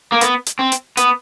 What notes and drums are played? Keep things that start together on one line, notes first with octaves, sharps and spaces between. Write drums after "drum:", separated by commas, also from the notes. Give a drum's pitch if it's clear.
A#3
B3, drum: hi-hat
drum: hi-hat
C4
drum: hi-hat
B3, drum: hi-hat